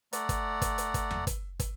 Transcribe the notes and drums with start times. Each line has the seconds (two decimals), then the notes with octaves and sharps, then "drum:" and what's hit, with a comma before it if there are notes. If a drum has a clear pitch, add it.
0.13 A3 D5 F#5 A#5, drum: hi-hat
0.29 drum: kick, hi-hat
0.62 drum: kick, hi-hat
0.78 drum: hi-hat
0.94 drum: kick, hi-hat
1.11 drum: tom E2
1.27 drum: kick, hi-hat
1.59 drum: kick, hi-hat